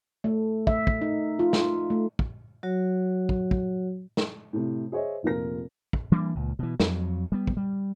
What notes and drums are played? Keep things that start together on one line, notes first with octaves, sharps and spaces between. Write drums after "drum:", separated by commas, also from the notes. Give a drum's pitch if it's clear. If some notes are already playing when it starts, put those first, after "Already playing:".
A3
E5, drum: kick
drum: kick
D#4
F4
drum: snare
A3
drum: kick
F#3 F#4 C#5
drum: kick
drum: kick
drum: snare
A2 C3
G#4 C5 C#5 D#5 E5
F1 A#2 F3 F4 A#4 A#6
drum: kick
E3 G3 A#3 D4
C#2 A#2
B2 E3
F2 F#3, drum: snare
G3 B3
drum: kick
G3